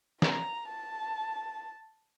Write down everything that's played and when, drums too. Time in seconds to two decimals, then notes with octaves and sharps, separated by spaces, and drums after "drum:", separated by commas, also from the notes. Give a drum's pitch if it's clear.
0.22 A#5, drum: snare
0.69 A5